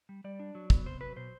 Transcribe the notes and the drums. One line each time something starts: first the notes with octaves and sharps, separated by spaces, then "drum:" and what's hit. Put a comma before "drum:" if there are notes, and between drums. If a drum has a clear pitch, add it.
G3
G3 D5
D4
F#3
B3, drum: kick
C3 C5
F#3 B4
B2 C5